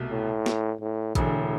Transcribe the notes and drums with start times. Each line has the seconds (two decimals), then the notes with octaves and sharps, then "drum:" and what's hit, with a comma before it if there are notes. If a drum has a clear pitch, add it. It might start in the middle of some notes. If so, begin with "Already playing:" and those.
Already playing: C2 B2 A3
0.11 A2
0.46 drum: snare
0.81 A2
1.15 E1 E2 A2 D3, drum: kick, hi-hat